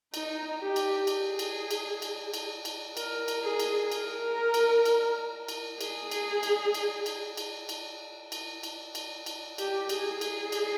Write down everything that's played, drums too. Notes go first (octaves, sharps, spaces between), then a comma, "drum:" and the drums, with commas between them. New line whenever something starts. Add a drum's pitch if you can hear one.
D#4, drum: cymbal
G4
drum: cymbal
G#4, drum: cymbal
drum: cymbal
drum: cymbal
drum: cymbal
drum: cymbal
drum: cymbal
A#4, drum: cymbal
drum: cymbal
G#4
drum: cymbal
A#4, drum: cymbal
drum: cymbal
drum: cymbal
drum: cymbal
G#4, drum: cymbal
drum: cymbal
drum: cymbal
drum: cymbal
drum: cymbal
drum: cymbal
drum: cymbal
drum: cymbal
drum: cymbal
drum: cymbal
drum: cymbal
G4, drum: cymbal
G#4, drum: cymbal
G#4, drum: cymbal
drum: cymbal